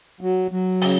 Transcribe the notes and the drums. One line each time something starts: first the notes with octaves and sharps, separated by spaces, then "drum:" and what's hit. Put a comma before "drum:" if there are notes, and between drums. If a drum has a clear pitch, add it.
F#3
F#3
C#3, drum: open hi-hat